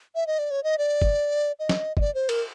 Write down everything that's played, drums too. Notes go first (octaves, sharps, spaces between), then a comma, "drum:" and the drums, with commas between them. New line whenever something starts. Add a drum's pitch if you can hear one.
E5
D#5
D5
C#5
D#5
D5
drum: kick G1
D#5
drum: snare
D#5, drum: kick G1
D5
C5
A#4, drum: cymbal